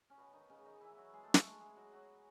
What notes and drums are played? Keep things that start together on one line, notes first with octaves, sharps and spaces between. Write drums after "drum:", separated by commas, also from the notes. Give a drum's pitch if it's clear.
C#4
B2 B3
D#3 D#4
C#3 C#4
D#3 D#4
E3 E4
F#3 F#4
G#3 G#4
A3 A4
A3 A4, drum: snare
G#3 G#4
G#3 G#4
F#3 F#4
F#3 F#4